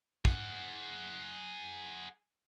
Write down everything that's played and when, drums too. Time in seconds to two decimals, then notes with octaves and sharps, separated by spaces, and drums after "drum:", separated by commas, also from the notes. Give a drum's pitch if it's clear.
0.25 G#4 F#5, drum: kick